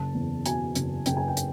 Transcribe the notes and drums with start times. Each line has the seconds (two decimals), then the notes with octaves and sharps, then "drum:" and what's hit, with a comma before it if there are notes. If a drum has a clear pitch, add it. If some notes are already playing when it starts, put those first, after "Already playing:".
Already playing: F#1 A5
0.15 E2
0.46 B2 G#5, drum: hi-hat
0.75 F#1, drum: hi-hat
1.06 F#1 G5, drum: hi-hat
1.17 G#5
1.28 G5
1.37 drum: hi-hat